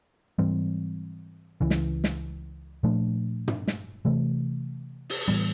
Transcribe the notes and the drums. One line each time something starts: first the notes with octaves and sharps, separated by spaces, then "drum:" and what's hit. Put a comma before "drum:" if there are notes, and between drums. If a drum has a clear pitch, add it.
G#2 E3 G3 C4
C#2 C#3 E3
drum: snare
drum: snare
A#2 F3 A3 D4
drum: tom
drum: snare
C3 E3 A3
drum: open hi-hat
A2 E3 G3 B3